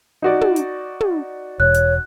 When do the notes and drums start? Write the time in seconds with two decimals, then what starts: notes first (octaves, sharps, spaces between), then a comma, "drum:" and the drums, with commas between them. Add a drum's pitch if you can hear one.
0.22 D#4 F#4 D5
0.41 drum: tom
0.56 drum: hi-hat
1.01 drum: tom
1.60 E1 C#5 F#6
1.74 drum: hi-hat